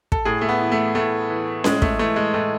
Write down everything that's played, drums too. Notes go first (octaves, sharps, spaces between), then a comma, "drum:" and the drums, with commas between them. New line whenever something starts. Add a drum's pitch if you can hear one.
A4, drum: kick
A2 G#4
A3
B3
E3
A3
A2 A3
E3
A2 G#3, drum: snare C#4
A3, drum: kick
E3 A3
G#3
A2 A3